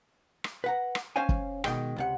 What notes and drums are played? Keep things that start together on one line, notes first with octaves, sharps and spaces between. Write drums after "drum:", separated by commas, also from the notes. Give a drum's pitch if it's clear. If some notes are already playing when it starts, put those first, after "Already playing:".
drum: rim click
B4 F#5 A#5
drum: rim click
C#4 C5 C#5 F5 G#5
drum: kick F#1
B2 D#3 G#3 G5, drum: rim click
C#2 C3 F#5